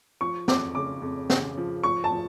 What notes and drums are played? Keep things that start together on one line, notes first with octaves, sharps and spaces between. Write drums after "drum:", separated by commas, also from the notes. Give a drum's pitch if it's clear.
F3 C#6
F2 D6, drum: snare
C#3 D6
F2
C#3, drum: snare
F3
F3 C#6
A5
F3